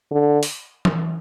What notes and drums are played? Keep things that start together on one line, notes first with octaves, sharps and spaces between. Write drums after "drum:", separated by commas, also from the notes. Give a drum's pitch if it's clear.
D3
drum: open hi-hat
drum: tom E3